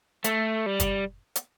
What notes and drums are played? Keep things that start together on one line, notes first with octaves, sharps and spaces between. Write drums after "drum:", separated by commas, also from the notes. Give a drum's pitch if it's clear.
A3, drum: hi-hat
G3
drum: kick, hi-hat
drum: hi-hat